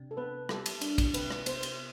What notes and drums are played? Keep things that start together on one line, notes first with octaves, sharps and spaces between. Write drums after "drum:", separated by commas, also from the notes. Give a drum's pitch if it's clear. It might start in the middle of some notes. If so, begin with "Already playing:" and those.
Already playing: C3 D4
A4
B3 B4
G3 A4, drum: rim click
drum: cymbal
D4, drum: cymbal
drum: kick, cymbal
C3 B4, drum: cymbal
drum: rim click
B3 C5, drum: cymbal
drum: cymbal